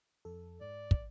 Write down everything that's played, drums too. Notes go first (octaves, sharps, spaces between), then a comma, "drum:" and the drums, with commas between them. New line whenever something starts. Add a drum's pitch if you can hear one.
F2 A4
G#2 D5
drum: kick